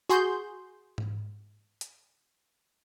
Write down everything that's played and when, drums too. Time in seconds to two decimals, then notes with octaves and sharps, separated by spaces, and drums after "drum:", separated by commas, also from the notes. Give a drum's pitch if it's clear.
0.09 F#4 G#4 C6 G6
0.98 drum: tom G#2
1.81 drum: hi-hat